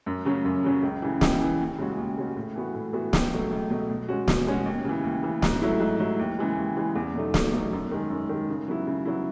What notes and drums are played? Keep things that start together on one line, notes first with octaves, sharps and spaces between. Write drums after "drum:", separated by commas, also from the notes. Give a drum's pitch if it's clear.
F#2
C#3 F#3 C#4
F#2
C#3 F#3 C#4
C#2
C#3 E3
C#2, drum: snare
C#3 E3
D#2
C#3 G#3 C#4 F#4
D#2
C#3 G#3 C#4 F#4
A2
E3 B3 F#4
A2
E3 B3 F#4
C#2, drum: snare
B2 F#3 A3
C#2
B2 F#3 A3
B2
G#3 C#4 F#4
B2, drum: snare
G#3 C#4 F#4
D#2
C#3 E3
D#2
C#3 E3
G#2, drum: snare
F#3 A3 E4
G#2
F#3 A3 E4
D#2
C#3 E3 G#3
D#2
C#3 E3 G#3
E2
B2 F#3 A3 D#4
E2, drum: snare
B2 F#3 A3 D#4
F#2
D#3 G#3
F#2
D#3 G#3
C#3
F#3 B3 E4
C#3
F#3 B3 E4